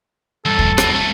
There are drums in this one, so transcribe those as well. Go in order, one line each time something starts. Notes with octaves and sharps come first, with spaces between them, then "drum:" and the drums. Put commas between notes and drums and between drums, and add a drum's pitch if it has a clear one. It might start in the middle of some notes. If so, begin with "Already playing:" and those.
E2 G2 A4
drum: kick
E2 B2, drum: rim click
C2 A3 A5